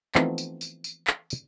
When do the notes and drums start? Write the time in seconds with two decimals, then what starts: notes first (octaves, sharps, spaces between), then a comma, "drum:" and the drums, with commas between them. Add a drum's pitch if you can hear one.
0.15 E3 F3 A3 B3 C4 D#4, drum: clap
0.38 drum: tambourine
0.61 drum: tambourine
0.84 drum: tambourine
1.07 drum: clap
1.30 drum: tambourine